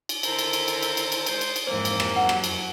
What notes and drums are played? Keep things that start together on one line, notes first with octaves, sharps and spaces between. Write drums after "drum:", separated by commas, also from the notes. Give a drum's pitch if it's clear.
drum: cymbal
D3 D#3 E4 A4 A#4 C5, drum: cymbal
drum: cymbal
drum: cymbal
drum: cymbal
drum: cymbal
drum: cymbal
drum: cymbal
G#3 C5, drum: cymbal
drum: cymbal
drum: cymbal
F2 G#2 E3 A#3 C4 C5
drum: cymbal
drum: rim click
F#2 F#3 F#5
drum: rim click
drum: cymbal